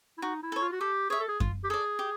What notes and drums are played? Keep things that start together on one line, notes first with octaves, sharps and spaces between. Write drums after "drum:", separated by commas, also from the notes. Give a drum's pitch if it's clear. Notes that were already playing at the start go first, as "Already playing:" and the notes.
E4
D#4 F#4
E4
A4 C#5
F4
F#4
G4 A4
G#4 C#5 E5
A4
G#4
F4, drum: kick F#2
G4
G#4 A4 D5
G4